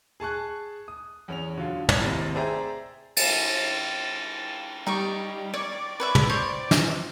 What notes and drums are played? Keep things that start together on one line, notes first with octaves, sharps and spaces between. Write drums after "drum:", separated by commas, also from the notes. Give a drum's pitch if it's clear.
G#4 A5 C#6 F#6
D#6
E2 C#4 F7
D3 F#3 F4
drum: tom
G#1 D#2 A2 C3 A6 A#6
G#4 C5 D5 E5 G5 A#5
A6 E7, drum: cymbal
G3 D#4 D5 C#6
C#5 D5 C#6
B4 C#5 E5
drum: tom
C5 C#5
drum: snare